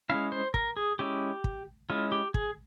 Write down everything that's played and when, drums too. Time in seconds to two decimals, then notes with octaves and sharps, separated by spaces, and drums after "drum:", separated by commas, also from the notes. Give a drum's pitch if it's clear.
0.09 G#3 C#4 E4 F5
0.32 C5
0.54 A#4, drum: kick
0.77 G#4
0.99 G#3 C#4 E4 G4
1.44 drum: kick
1.90 G#3 C#4 E4 F4
2.12 G4
2.34 G#4, drum: kick